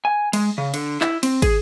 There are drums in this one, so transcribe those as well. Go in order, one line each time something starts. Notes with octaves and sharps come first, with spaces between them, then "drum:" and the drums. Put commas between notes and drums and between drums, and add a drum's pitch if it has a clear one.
G#5
G#3, drum: cymbal
C#3
D3, drum: cymbal
E4, drum: clap
C4, drum: cymbal
G#4, drum: kick, cymbal